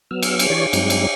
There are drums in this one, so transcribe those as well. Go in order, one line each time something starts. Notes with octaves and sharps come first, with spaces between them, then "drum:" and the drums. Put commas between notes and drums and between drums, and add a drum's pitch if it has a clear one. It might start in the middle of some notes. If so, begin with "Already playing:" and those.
F#3 B3 E6 F6
drum: cymbal
drum: cymbal
E3 G4 C#5 D5 C#6
G2 F#3 G#3 C4 D#4, drum: cymbal
drum: cymbal